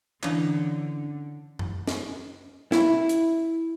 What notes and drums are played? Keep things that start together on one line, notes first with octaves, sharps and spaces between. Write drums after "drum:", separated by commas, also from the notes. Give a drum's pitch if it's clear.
D3 E3 C#4 D4, drum: clap
drum: tom F#2
drum: snare
E4, drum: snare
drum: hi-hat